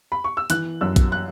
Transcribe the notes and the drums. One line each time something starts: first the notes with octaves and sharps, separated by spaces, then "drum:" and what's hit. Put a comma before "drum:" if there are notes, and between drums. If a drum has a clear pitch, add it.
B5
C#6
E6
E3 F#6, drum: hi-hat
F#2 E6
drum: kick A#1, hi-hat
F#6